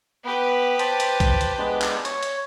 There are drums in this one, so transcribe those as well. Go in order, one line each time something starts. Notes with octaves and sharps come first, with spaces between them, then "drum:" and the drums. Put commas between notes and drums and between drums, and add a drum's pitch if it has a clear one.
B3 G4 B4
C5 A5, drum: hi-hat
drum: hi-hat
drum: kick B1, hi-hat
drum: hi-hat
G#3 B3 D4
drum: clap
C#5, drum: hi-hat
drum: hi-hat